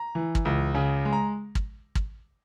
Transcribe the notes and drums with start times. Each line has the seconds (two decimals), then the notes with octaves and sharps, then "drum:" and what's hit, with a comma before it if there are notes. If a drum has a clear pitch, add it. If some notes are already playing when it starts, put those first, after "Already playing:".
Already playing: A#5
0.15 E3
0.35 drum: kick
0.45 C#2
0.75 C#3
1.05 G#3
1.13 A#5
1.55 drum: kick
1.95 drum: kick